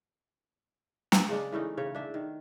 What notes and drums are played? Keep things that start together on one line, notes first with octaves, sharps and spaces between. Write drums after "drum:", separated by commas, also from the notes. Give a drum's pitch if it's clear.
drum: snare
C#3 G#3 D4
E3 A3 C#4 D#4
C#3 C#5
D4 E5 G5
D#3